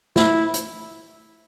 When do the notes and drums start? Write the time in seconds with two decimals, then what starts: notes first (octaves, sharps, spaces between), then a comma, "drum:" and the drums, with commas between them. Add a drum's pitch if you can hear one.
0.16 E4, drum: snare
0.54 drum: hi-hat